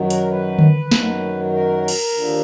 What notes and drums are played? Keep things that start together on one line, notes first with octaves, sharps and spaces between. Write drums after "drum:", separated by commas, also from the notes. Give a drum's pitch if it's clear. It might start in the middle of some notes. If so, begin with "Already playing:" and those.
Already playing: F#2 D#3 F#3
A#4, drum: hi-hat
B4
drum: tom D3
F#2 D#3 F#3, drum: snare
A#4
drum: cymbal
D#2 D3 F3